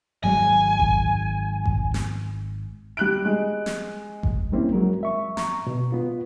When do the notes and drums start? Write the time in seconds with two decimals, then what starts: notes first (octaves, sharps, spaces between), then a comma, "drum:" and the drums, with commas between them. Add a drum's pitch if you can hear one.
0.24 G#1 F#3 G#3 G#5
0.80 drum: kick G#1
1.66 drum: kick G#1
1.94 drum: snare
2.97 G3 F#6 D7
3.25 G#3
3.66 drum: snare
4.23 drum: kick G#1
4.52 G3 A#3 C4 C#4 E4
4.73 F#3 G#3 A#4
5.03 E5 C#6
5.37 A#5 C#6, drum: snare
5.67 B2
5.92 B3 F4